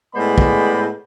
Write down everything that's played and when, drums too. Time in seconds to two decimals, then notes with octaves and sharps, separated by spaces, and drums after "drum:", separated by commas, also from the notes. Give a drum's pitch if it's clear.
0.15 A2 G#3 B3 C5 D5 B5
0.38 drum: kick